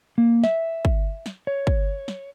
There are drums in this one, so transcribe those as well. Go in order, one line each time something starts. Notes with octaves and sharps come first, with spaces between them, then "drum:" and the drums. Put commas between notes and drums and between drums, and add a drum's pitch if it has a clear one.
A#3
E5, drum: snare
drum: kick
drum: snare
C#5
drum: kick
drum: snare